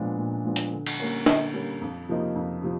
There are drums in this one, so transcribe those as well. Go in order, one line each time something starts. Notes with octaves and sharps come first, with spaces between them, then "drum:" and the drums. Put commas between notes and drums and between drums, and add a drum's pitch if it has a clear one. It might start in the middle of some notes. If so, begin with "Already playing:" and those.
Already playing: A#2 F3 G#3 B3 D4
A#2
F3 G#3 B3 D4
drum: hi-hat
D3
drum: cymbal
G3 A#3 C#4
D3, drum: snare
G3 A#3 C#4
F2
C3 F3 A#3 D#4
F2
C3 F3